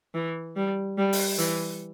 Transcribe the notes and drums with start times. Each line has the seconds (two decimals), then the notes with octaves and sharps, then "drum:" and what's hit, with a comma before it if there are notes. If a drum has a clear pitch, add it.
0.14 E3
0.56 G3
0.98 G3
1.13 drum: open hi-hat
1.38 E3, drum: hi-hat